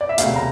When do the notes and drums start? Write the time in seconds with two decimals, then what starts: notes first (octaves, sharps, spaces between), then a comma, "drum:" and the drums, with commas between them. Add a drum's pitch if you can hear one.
0.01 D5
0.09 E5
0.18 E1 D2 C3 F5, drum: hi-hat
0.36 A#5